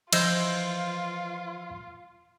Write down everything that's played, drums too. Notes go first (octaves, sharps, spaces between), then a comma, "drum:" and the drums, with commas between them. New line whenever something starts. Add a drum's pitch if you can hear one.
E3 F3 F4 C5 D#5 E6, drum: cymbal